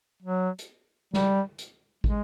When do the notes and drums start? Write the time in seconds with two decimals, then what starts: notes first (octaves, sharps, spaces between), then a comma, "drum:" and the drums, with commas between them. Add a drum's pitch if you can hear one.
0.22 F#3
0.59 drum: hi-hat
1.14 G3, drum: snare
1.58 drum: hi-hat
2.04 G#3, drum: kick